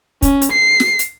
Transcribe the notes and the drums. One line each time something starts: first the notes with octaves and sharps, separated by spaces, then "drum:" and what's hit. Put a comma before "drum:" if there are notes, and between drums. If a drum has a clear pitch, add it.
C#4, drum: kick, hi-hat
drum: hi-hat
C7
drum: snare
drum: hi-hat